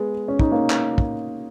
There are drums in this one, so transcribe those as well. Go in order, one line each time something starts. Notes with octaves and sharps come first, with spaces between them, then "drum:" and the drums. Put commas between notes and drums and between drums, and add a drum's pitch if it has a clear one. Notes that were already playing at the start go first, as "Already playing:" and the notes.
Already playing: G#3 B3
C#4
D#4, drum: kick
A#3 C#4
drum: clap
drum: kick